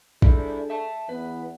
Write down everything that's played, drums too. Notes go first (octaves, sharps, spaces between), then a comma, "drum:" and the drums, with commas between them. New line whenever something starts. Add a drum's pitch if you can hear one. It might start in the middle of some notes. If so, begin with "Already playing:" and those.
G3 D4 E4 G#4 A4, drum: kick
E5 A5
E2 E3 B3 B4